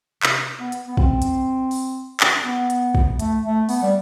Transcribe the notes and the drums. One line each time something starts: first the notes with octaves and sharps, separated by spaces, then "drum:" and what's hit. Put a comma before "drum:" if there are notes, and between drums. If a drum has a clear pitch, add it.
C3, drum: clap
B3
drum: hi-hat
B3
C4, drum: kick
drum: hi-hat
drum: open hi-hat
drum: clap
B3
drum: hi-hat
drum: kick
A3, drum: hi-hat
A3
B3, drum: open hi-hat
G3